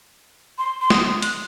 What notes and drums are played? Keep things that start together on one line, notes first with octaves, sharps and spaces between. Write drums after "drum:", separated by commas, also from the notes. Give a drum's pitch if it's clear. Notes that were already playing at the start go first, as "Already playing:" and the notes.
C6
C6
D#6, drum: snare
F#6, drum: hi-hat